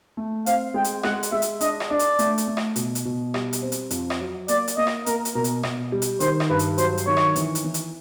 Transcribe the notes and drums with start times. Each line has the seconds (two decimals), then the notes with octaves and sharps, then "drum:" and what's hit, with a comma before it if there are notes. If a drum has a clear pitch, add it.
0.17 A3
0.46 C4 F5, drum: hi-hat
0.74 G#3 G5
0.84 drum: hi-hat
1.03 G#3 F#5, drum: rim click
1.23 drum: hi-hat
1.32 G#3 E5
1.42 drum: hi-hat
1.61 D4 D#5, drum: hi-hat
1.80 drum: rim click
1.90 D4 D5
1.99 drum: hi-hat
2.19 A3, drum: hi-hat
2.38 drum: hi-hat
2.48 A3
2.57 drum: rim click
2.76 B2, drum: hi-hat
2.95 drum: hi-hat
3.05 B2
3.34 G3, drum: rim click
3.53 drum: hi-hat
3.62 C4
3.72 drum: hi-hat
3.90 F2, drum: hi-hat
4.10 drum: rim click
4.20 F#3
4.48 A#3 D5, drum: hi-hat
4.68 drum: hi-hat
4.77 A#3 D#5
4.87 drum: rim click
5.06 A#3 A#4, drum: hi-hat
5.25 drum: hi-hat
5.35 B2 A#4
5.44 drum: hi-hat
5.63 B2, drum: rim click
5.92 G3
6.02 drum: hi-hat
6.20 D#3 C5, drum: hi-hat
6.40 drum: rim click
6.49 G2 B4
6.59 drum: hi-hat
6.78 F#3 C5, drum: hi-hat
6.97 drum: hi-hat
7.07 D#3 C#5
7.17 drum: rim click
7.36 E3, drum: hi-hat
7.55 drum: hi-hat
7.64 E3
7.74 drum: hi-hat